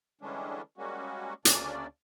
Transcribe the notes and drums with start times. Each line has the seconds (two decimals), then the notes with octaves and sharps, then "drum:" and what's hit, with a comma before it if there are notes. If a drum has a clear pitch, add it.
0.21 D3 E3 G3 G#3 C#4 D4
0.78 G3 G#3 A#3 C#4 F#4
1.45 D2 C#3 A#3 C#4 D4 D5, drum: hi-hat